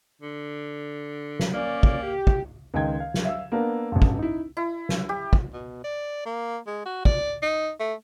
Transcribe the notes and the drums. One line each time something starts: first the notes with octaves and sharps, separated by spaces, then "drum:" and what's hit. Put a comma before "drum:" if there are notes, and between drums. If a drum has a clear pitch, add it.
D3
drum: snare
A#3 C#4 D5
drum: kick
G4
drum: kick
C#2 D#3 D#5 G5 G#6
F5
drum: snare
E5 F5 E6
A#3 B3 D4 A#4
A1 G2
drum: kick
D#4 E4
E4
drum: snare
G4
drum: kick
B2
D5
A#3
G#3
F#4
D5, drum: kick
D#4
A3